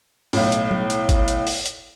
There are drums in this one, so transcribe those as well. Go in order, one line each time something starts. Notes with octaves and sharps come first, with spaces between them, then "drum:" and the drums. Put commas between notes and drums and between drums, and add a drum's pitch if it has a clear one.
B1 A2, drum: open hi-hat
drum: hi-hat
drum: tom
drum: hi-hat
drum: kick, hi-hat
drum: hi-hat
drum: open hi-hat
drum: hi-hat